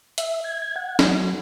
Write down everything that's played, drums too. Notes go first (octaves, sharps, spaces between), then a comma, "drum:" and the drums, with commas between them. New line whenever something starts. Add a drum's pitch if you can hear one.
E5, drum: hi-hat
G#6
G#6
F#5
F#3, drum: snare